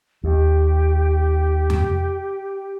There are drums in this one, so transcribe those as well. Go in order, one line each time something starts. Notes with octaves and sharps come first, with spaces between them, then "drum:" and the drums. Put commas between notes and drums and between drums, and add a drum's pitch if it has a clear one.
D#2 G4
drum: tom F2